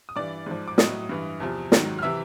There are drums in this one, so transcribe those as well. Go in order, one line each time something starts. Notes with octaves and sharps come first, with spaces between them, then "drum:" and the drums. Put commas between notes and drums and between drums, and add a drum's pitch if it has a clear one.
D#6
G2 E3 D5 D6
G#2 F3
D6
A2 F#3 D#5 D#6, drum: snare
G2 E3
E2 C3 F3
G#2 D#3 F#3, drum: snare
F6
C3 E3 E5 E6